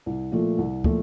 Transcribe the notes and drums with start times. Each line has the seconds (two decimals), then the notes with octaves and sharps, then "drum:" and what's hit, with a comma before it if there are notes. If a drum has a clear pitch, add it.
0.06 C2
0.32 A#2 F3 A3
0.58 C2
0.84 A#2 F3 A3, drum: kick